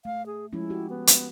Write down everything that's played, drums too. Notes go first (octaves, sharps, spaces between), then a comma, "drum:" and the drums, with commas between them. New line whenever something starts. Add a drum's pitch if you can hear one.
A3 F5
G#4
F3 G#3 C#4 E4
F#4 G4
B3
drum: hi-hat